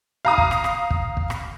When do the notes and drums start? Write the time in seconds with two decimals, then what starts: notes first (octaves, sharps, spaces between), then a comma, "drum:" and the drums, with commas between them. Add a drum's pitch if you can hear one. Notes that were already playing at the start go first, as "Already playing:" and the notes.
0.25 F5 A#5 D#6
0.38 drum: kick
0.51 drum: rim click
0.64 drum: rim click
0.90 drum: kick
1.17 drum: kick
1.30 drum: rim click